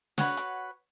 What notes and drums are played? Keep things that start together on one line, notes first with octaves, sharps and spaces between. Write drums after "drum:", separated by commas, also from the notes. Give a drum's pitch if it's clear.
F#4 B4 C#5 F#5, drum: snare
drum: hi-hat